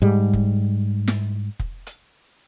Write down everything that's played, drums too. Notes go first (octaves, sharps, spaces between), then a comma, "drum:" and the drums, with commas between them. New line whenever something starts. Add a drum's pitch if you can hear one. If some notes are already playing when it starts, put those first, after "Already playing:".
G#2 G3
drum: kick
drum: snare
drum: kick
drum: hi-hat